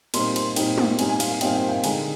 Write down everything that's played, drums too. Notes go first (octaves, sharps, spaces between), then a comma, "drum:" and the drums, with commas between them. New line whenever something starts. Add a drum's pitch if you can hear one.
A#2 G3 C4 D#4 C6, drum: cymbal
C6, drum: cymbal
A#2 G3 C4 D#4 G5, drum: cymbal
drum: tom
A#2 G3 C4 D#4 G#5, drum: cymbal
G#5
F5, drum: cymbal
F5
A#2 G3 C4 D#4 G5, drum: cymbal
F5
G5
D3 G#3 D#4 G#5, drum: cymbal